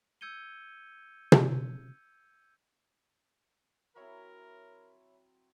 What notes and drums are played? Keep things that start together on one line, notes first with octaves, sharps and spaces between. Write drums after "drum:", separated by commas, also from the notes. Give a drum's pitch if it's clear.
E6 G6 G#6 C#7 D#7 G7
drum: tom
F#3 C4 E4 A#4 C#5 E5 B5